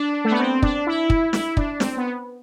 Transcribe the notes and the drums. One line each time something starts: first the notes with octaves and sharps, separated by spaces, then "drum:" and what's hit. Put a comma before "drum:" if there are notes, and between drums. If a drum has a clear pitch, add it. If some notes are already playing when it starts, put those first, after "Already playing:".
Already playing: D4
A3
B3
C4
D4, drum: kick
E4
drum: kick
E4, drum: snare
D4, drum: kick
C4, drum: snare
B3